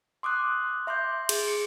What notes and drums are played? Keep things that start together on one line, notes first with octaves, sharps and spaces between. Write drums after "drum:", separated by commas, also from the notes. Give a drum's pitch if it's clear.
C6 D6 D#6 F#6
E5 C6 D6 G6
G#4, drum: cymbal
C#7